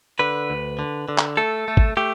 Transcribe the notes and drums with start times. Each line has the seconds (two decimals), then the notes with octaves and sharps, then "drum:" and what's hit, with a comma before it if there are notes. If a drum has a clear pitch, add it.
0.19 D3 B4
0.50 D2
0.79 D3
1.09 D3
1.18 drum: clap
1.37 A3 A4
1.68 A3
1.77 drum: kick
1.97 A3 G4